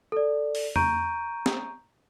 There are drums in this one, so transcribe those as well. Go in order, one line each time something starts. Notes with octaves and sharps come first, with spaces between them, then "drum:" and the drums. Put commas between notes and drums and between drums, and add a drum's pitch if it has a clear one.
A4 D5
drum: open hi-hat
A#5 C#6 G6 D7 D#7, drum: tom
drum: snare